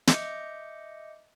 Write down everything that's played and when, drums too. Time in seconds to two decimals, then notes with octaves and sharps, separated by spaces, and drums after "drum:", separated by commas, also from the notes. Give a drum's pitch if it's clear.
0.07 D#5 E5 D6 G6 C#7, drum: snare